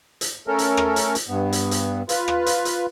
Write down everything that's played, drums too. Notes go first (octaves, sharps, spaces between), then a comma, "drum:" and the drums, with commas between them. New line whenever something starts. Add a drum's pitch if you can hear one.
drum: hi-hat
A3 C#4 A4 A#4
drum: hi-hat
drum: rim click
drum: hi-hat
drum: hi-hat
G2 B3
drum: hi-hat
drum: hi-hat
F4 B4, drum: hi-hat
drum: rim click
drum: hi-hat
drum: hi-hat